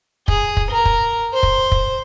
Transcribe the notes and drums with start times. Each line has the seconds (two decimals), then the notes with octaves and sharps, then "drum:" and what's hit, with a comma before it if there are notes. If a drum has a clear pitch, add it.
0.28 G#4, drum: kick
0.57 drum: kick
0.71 A#4
0.85 drum: kick
1.33 C5
1.43 drum: kick
1.72 drum: kick